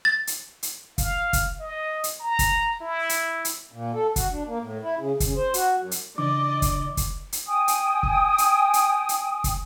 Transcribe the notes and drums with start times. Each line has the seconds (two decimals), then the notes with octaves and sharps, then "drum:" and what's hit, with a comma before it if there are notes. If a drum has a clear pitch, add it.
0.05 A6
0.27 drum: hi-hat
0.63 drum: hi-hat
0.98 F5, drum: kick, hi-hat
1.33 drum: kick, hi-hat
1.60 D#5
2.04 drum: hi-hat
2.20 A#5
2.39 drum: kick, hi-hat
2.81 E4
3.09 drum: hi-hat
3.45 drum: hi-hat
3.72 A#2
3.94 A4
4.16 F#4, drum: kick, hi-hat
4.31 D4
4.47 A#3
4.59 A2
4.83 E4
4.98 C#3
5.20 C#3, drum: kick, hi-hat
5.36 C5
5.54 F#4, drum: hi-hat
5.78 F#2
5.91 drum: hi-hat
6.18 C#3 E3 D4 D5 D#5 D6
6.62 drum: kick, hi-hat
6.97 drum: kick, hi-hat
7.32 drum: hi-hat
7.47 G5 G#5 D#6
7.68 drum: hi-hat
8.03 drum: kick
8.38 drum: hi-hat
8.74 drum: hi-hat
9.09 drum: hi-hat
9.44 drum: kick, hi-hat